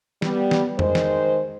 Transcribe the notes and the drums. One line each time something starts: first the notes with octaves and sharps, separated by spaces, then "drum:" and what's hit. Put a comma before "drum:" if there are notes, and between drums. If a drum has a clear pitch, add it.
G3 B3, drum: snare
drum: snare
D#3 G#3 C5, drum: tom F2
drum: snare